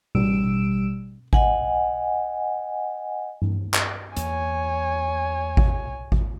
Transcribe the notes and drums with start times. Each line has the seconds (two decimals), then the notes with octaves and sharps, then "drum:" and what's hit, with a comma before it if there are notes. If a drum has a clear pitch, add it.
0.15 A1 G3 E6 D7 E7, drum: tom B2
1.33 D#5 F#5 G#5, drum: kick G#1
3.42 drum: tom G2
3.74 drum: clap
4.17 E2 A#3 C#5 G#5, drum: hi-hat
5.57 drum: kick G#1
6.12 drum: kick G#1